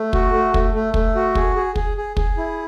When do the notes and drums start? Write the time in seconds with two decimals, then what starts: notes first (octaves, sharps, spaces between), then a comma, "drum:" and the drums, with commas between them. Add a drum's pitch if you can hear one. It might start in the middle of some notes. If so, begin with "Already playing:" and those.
Already playing: A3
0.13 F#4, drum: kick
0.33 A3
0.54 A3, drum: kick
0.74 A3
0.94 A3, drum: kick
1.15 F#4
1.35 G#4, drum: kick
1.56 G#4
1.76 G#4, drum: kick
1.97 G#4
2.17 G#4, drum: kick
2.37 E4